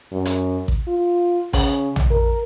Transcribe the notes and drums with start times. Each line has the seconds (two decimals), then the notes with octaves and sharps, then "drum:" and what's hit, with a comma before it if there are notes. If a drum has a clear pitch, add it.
0.12 F#2
0.25 drum: hi-hat
0.68 drum: kick A1
0.88 F4
1.53 C#3, drum: kick A1, open hi-hat
1.96 drum: tom
2.11 A#4